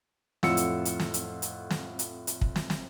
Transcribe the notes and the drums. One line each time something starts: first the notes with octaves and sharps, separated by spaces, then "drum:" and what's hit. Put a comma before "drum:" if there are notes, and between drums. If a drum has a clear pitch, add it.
F2 A2 F4 F#5 E6 C#7, drum: snare
drum: hi-hat
drum: hi-hat
drum: snare
drum: hi-hat
drum: hi-hat
drum: snare
drum: hi-hat
drum: hi-hat
drum: kick
drum: snare
drum: snare